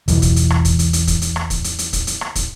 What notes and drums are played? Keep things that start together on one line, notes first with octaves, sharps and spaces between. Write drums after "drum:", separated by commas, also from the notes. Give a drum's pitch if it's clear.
E1 B1 E3 F#3, drum: hi-hat
drum: kick, hi-hat
drum: hi-hat
drum: rim click
drum: kick, hi-hat
drum: hi-hat
drum: hi-hat
drum: kick, hi-hat
drum: hi-hat
drum: rim click
drum: kick, hi-hat
drum: hi-hat
drum: hi-hat
drum: kick, hi-hat
drum: hi-hat
drum: rim click
drum: kick, hi-hat